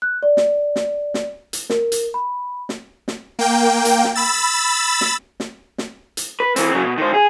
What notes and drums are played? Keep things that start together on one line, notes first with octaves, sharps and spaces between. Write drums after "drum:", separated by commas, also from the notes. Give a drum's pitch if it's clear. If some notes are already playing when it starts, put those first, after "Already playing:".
F#6
D5
drum: snare
drum: snare
drum: snare
drum: hi-hat
A#4, drum: snare
drum: hi-hat
B5
drum: snare
drum: snare
A#3 G5
drum: hi-hat
drum: snare
B5 E6 A6
drum: snare
drum: snare
drum: snare
drum: hi-hat
B4
E3 C4, drum: hi-hat
C#3 F#3
B2
D#3 C5
G#4